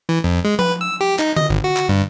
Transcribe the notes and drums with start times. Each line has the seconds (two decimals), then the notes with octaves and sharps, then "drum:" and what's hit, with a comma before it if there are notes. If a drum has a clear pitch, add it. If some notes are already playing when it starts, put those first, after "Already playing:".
0.09 E3
0.24 F2
0.45 G#3
0.59 B4, drum: tom F3
0.81 E6
1.01 G4
1.19 D#4, drum: clap
1.36 D#5, drum: tom D3
1.50 G#1
1.64 F#4
1.77 drum: clap
1.89 G2